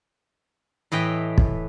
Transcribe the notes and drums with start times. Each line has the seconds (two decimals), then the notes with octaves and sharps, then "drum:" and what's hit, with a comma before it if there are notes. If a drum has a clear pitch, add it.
0.92 A2 E3 D#5 G5
1.38 drum: kick